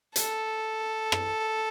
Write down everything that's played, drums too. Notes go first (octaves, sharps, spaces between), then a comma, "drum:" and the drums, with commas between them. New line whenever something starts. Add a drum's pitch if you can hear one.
A4, drum: hi-hat
drum: rim click